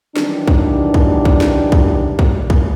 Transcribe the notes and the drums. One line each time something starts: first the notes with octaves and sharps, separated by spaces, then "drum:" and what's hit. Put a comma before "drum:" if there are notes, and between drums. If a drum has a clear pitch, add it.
D#3 E3 F#3 G3 D4, drum: snare
drum: kick
drum: kick
drum: kick
drum: snare
drum: kick
drum: kick
drum: kick